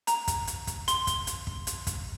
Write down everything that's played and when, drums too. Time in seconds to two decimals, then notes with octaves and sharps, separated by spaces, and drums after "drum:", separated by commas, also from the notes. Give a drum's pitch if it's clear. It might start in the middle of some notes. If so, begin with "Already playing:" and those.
0.07 A#5, drum: hi-hat
0.28 drum: kick, hi-hat
0.47 drum: hi-hat
0.67 drum: kick, hi-hat
0.88 C6, drum: hi-hat
1.07 drum: kick, hi-hat
1.27 drum: hi-hat
1.47 drum: kick
1.67 drum: hi-hat
1.87 drum: kick, hi-hat